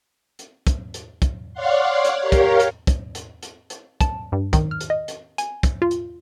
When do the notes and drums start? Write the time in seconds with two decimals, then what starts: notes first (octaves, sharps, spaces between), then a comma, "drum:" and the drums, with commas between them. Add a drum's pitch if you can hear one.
0.39 drum: hi-hat
0.67 drum: kick, hi-hat
0.94 drum: hi-hat
1.22 drum: kick, hi-hat
1.53 C#5 D5 F5 F#5 C6
2.05 drum: hi-hat
2.21 G4 A#4 C#5 F5
2.32 drum: kick, hi-hat
2.60 drum: hi-hat
2.87 drum: kick, hi-hat
3.15 drum: hi-hat
3.43 drum: hi-hat
3.70 drum: hi-hat
4.01 A5, drum: kick, hi-hat
4.32 G2
4.53 D#3, drum: kick, hi-hat
4.71 F6
4.81 drum: hi-hat
4.90 D#5
5.08 drum: hi-hat
5.38 G#5, drum: hi-hat
5.63 drum: kick, hi-hat
5.82 F4
5.91 drum: hi-hat